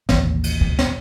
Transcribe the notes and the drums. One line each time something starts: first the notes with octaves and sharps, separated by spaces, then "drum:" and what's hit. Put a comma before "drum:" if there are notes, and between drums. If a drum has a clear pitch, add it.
A1 D#2, drum: snare
drum: cymbal
drum: kick
drum: snare